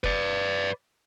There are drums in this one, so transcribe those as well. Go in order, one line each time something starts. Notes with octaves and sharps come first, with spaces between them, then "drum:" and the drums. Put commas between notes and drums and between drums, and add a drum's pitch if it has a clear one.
B4 D5, drum: kick